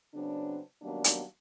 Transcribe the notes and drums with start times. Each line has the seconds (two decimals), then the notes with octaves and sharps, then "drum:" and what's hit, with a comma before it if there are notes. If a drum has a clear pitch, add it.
0.14 C#3 F#3 B3 C4 D4
0.82 D#3 F#3 G3 A#3 B3 D4
1.04 drum: hi-hat